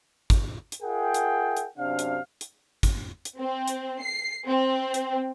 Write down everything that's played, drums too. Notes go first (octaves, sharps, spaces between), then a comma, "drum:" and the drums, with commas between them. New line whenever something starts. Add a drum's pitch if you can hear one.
drum: kick, hi-hat
drum: hi-hat
F4 G#4 A#4 E5 F#5 G5
drum: hi-hat
drum: hi-hat
F#2 C3 D4 F5
drum: hi-hat
drum: hi-hat
drum: kick, hi-hat
drum: hi-hat
C4
drum: hi-hat
C7
C4
drum: hi-hat